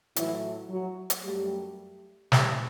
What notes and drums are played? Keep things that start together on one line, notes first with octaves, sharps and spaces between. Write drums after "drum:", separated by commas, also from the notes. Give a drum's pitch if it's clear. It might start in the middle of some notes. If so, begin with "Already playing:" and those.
A2 E3 F#3 A3 E4, drum: hi-hat
F#3 F#4
drum: hi-hat
F#2 F#3 G3 A3 G4
E2 C3 E3 G3 A3 G4, drum: snare